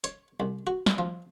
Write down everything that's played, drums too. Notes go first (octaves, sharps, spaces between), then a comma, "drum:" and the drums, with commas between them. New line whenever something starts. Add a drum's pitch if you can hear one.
C#5, drum: hi-hat
C2
F#4
drum: snare
F3